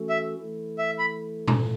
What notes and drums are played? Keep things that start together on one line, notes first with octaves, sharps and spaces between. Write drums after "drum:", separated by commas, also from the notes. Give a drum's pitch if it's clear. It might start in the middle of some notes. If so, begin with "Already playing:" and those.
Already playing: E3 A3 C#4 F#4 A4
E5
E3 A3 E4 A4
E5
B5
drum: tom A#2